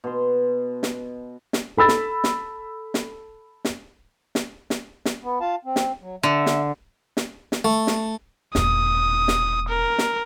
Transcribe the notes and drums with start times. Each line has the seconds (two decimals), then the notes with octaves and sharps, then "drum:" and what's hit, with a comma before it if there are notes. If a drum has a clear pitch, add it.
0.04 B2 C6
0.83 drum: snare
1.53 drum: snare
1.77 A4 B5 E6 A6
1.88 drum: snare
2.24 drum: snare
2.94 drum: snare
3.65 drum: snare
4.35 drum: snare
4.70 drum: snare
5.05 drum: snare
5.23 B3
5.41 F4 F5 A5
5.65 C4
5.76 drum: snare
6.01 F#3
6.23 D3 E5
6.46 drum: snare
7.17 drum: snare
7.52 drum: snare
7.65 A3
7.87 drum: snare
8.55 E1 A#2 D#6, drum: snare
9.28 drum: snare
9.68 A#4
9.98 drum: snare